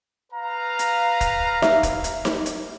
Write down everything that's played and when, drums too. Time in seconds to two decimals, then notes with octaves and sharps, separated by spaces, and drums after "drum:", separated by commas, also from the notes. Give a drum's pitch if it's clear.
0.33 B4 F5 A#5
0.79 drum: hi-hat
1.21 drum: kick, hi-hat
1.62 E5, drum: snare D#4
1.83 drum: kick, hi-hat
2.04 drum: hi-hat
2.25 drum: snare D#4
2.46 drum: hi-hat